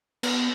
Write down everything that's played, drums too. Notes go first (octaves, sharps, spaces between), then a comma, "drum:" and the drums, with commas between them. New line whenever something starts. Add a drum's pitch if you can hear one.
B3, drum: cymbal